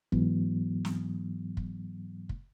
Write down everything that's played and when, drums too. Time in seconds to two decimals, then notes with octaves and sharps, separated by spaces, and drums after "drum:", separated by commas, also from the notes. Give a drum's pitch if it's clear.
0.12 G#2 E3 F#3 B3, drum: kick
0.85 drum: snare
1.57 drum: kick
2.29 drum: kick